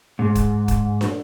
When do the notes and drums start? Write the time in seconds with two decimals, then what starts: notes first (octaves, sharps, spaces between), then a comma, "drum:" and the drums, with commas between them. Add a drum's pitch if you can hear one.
0.19 G#2
0.35 drum: kick, hi-hat
0.68 drum: kick, hi-hat
1.01 drum: snare